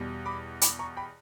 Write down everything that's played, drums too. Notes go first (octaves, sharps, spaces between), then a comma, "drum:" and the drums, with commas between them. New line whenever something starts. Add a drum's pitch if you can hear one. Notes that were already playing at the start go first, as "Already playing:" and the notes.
Already playing: E2 B2 G3
B5 D6
B5 D6, drum: hi-hat
A#5 C#6
G5 B5